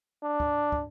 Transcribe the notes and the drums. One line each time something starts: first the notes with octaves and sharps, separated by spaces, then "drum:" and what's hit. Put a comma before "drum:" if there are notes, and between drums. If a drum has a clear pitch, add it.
D4
drum: kick
drum: kick